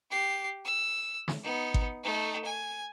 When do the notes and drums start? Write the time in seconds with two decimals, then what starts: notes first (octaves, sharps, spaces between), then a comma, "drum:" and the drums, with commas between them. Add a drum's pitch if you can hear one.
0.10 G4 C7
0.65 E6
1.28 drum: snare
1.43 B3 D#4
1.74 drum: kick G#1
2.04 A3 D#4
2.44 G#5